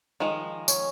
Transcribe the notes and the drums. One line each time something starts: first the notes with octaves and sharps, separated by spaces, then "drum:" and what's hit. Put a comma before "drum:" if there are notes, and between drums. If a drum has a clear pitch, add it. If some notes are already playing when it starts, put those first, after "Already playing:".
D#3 F3 G#3
C#4, drum: tambourine